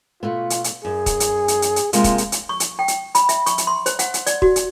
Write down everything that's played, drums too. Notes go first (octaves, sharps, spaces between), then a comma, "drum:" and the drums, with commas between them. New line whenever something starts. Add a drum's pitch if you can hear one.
B2 A3 B3 F4
drum: hi-hat
drum: hi-hat
F#2 G#4
drum: kick, hi-hat
drum: hi-hat
drum: hi-hat
drum: hi-hat
drum: hi-hat
C3 G#3 A#3 F4, drum: hi-hat
drum: kick, hi-hat
drum: hi-hat
drum: hi-hat
C#6
drum: hi-hat
G5
drum: hi-hat
B5, drum: hi-hat
E5, drum: hi-hat
C#6, drum: hi-hat
drum: hi-hat
C6
C5, drum: hi-hat
F#5, drum: hi-hat
drum: hi-hat
D5, drum: hi-hat
F#4, drum: kick
drum: hi-hat